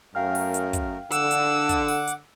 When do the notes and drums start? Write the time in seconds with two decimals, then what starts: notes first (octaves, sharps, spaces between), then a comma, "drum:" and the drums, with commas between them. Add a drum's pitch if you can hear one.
0.15 F#2 A3 A#4 F5 G5 F6
0.35 drum: open hi-hat
0.54 drum: hi-hat
0.73 drum: kick, hi-hat
1.12 D3 F#5 D6 E6, drum: hi-hat
1.31 drum: hi-hat
1.69 drum: kick, hi-hat
1.88 drum: open hi-hat
2.07 drum: hi-hat